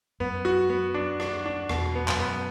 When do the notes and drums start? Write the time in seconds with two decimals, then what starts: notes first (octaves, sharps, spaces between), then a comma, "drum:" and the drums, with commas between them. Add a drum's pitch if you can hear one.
0.20 F#2 B3
0.45 F#4
0.70 B3
0.94 D4
1.20 D4, drum: rim click
1.46 D4
1.69 E2 B2, drum: rim click
1.95 B3
2.08 F#2, drum: clap
2.20 B3